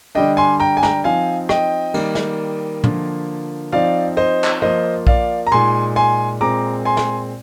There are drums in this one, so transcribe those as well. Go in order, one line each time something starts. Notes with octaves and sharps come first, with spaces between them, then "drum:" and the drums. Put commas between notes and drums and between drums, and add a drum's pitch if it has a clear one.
D3 G3 D4 D#5 G5
G#5 C6
G5 A#5
G#5
G5 A#5, drum: snare
F3 C4 D#4 F5 G#5
D#5 G5, drum: rim click
D#3 G3 A#3, drum: cymbal
drum: snare
D3 F3 A#3 F4, drum: tom
F3 C4 D#4 D5 F5
C5 D#5
drum: clap
F3 A#3 F4 C5 D#5
D5 F5, drum: kick A#1
A#5
A#2 G#3 D#4 G#5 C6
G#5 C6
A#2 G#3 C4 A#5 D6
G#5 C6
drum: snare